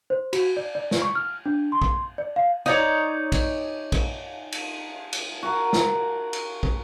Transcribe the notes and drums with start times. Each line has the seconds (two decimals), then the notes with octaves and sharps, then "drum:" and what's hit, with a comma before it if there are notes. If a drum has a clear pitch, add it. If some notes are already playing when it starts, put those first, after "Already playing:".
0.10 C5
0.33 F#4, drum: cymbal
0.57 D5
0.75 D5
0.91 drum: snare
1.02 C#6
1.15 F6
1.46 D4
1.72 C6
1.82 drum: kick
2.18 D5
2.36 F5
2.66 D#4 C#5 D5
3.32 drum: kick, cymbal
3.92 drum: kick, cymbal
4.52 drum: cymbal
5.13 drum: cymbal
5.43 F#4 A#4
5.73 drum: snare
6.33 drum: cymbal
6.63 drum: kick